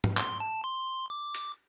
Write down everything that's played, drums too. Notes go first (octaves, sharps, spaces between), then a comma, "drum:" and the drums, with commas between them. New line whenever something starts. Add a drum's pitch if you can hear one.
drum: tom
C6, drum: clap
A5
C6
D6
drum: hi-hat